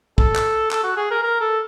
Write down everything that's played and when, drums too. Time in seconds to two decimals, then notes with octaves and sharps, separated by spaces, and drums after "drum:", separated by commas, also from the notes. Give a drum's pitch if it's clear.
0.18 A4, drum: kick
0.36 drum: clap
0.71 A4, drum: clap
0.84 F#4
0.97 G#4
1.11 A#4
1.23 A#4
1.40 A4